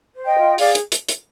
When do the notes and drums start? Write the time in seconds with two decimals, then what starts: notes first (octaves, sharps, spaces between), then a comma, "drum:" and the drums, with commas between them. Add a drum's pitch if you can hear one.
0.13 C5
0.25 D#5 G5
0.36 F4
0.58 G#4 D5 F5, drum: open hi-hat
0.75 drum: hi-hat
0.92 drum: hi-hat
1.09 drum: hi-hat